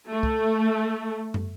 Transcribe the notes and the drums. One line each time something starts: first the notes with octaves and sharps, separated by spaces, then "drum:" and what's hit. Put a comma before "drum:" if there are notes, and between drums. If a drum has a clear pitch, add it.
A3
drum: kick
drum: tom